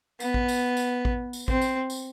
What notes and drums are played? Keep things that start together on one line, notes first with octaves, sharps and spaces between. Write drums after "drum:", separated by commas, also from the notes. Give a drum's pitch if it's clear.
B3, drum: tambourine
drum: kick A1
drum: tambourine
drum: tambourine
drum: kick A1
drum: tambourine
C4, drum: kick A1
drum: tambourine
drum: tambourine